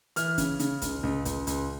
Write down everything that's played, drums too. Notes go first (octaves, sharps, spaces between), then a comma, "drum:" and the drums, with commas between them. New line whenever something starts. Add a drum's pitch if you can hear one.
E3 F6, drum: hi-hat
C#3, drum: kick, hi-hat
C#3, drum: hi-hat
C#2, drum: kick, hi-hat
C#2
C#2, drum: kick, hi-hat
C#2, drum: hi-hat